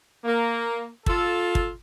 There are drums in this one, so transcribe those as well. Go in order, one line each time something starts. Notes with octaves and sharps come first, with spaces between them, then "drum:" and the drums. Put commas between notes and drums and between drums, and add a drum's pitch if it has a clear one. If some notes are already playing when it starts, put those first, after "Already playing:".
A#3
F4 A4, drum: kick
drum: kick